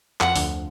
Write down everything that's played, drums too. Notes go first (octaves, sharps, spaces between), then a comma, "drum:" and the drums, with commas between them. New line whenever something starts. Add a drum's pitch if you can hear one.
F2 F3 F#5, drum: clap
D2 D3, drum: open hi-hat